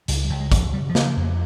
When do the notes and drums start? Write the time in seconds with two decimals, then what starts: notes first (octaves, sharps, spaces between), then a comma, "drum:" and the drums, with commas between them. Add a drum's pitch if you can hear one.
0.08 C#2 G3, drum: hi-hat
0.24 G3
0.30 C#2
0.40 G#3
0.52 C#2, drum: kick, hi-hat
0.57 F3
0.73 C#3 G3
0.89 F3
0.95 C#3, drum: snare
1.01 E3
1.06 F3
1.17 F2
1.22 A#3